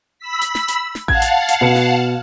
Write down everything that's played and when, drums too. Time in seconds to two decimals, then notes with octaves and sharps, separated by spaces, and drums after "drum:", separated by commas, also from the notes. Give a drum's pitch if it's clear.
0.19 B5 E6 B6
0.41 drum: hi-hat
0.55 drum: snare
0.68 drum: hi-hat
0.95 drum: snare
1.08 F5 F#5 A5 G#6, drum: kick A1
1.22 drum: hi-hat
1.48 drum: hi-hat
1.61 B2 B4 C#7
1.75 drum: snare